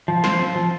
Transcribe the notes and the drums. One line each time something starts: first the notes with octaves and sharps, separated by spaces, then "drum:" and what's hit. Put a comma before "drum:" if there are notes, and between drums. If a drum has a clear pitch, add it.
F3
C4 C5, drum: snare
F3
F3